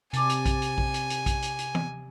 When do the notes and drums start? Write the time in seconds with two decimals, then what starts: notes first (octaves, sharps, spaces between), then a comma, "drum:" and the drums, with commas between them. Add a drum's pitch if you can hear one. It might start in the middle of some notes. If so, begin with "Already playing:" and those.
0.13 C3 D5 G#5 A5, drum: hi-hat
0.29 drum: hi-hat
0.46 drum: kick A#1, hi-hat
0.62 drum: hi-hat
0.78 drum: kick A#1
0.94 drum: hi-hat
1.10 drum: hi-hat
1.26 drum: kick A#1, hi-hat
1.42 drum: hi-hat
1.59 drum: hi-hat
1.75 drum: tom E3